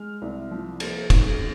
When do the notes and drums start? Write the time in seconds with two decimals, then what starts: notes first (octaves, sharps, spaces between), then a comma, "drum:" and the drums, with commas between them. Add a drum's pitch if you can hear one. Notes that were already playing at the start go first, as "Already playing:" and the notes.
Already playing: G#3 F6
0.22 C2
0.51 F3
0.80 A#3, drum: cymbal
1.10 D#2, drum: kick, cymbal